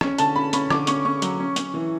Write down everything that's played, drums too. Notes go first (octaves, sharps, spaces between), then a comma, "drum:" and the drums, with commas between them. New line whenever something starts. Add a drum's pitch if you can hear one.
C#4, drum: rim click
D3 A5, drum: hi-hat
C#4 B5
C#4 B5, drum: hi-hat
D3 D6, drum: rim click
C#4 C#6, drum: hi-hat
C#4 C#6
F#3, drum: hi-hat
C#4
C#4, drum: hi-hat
E3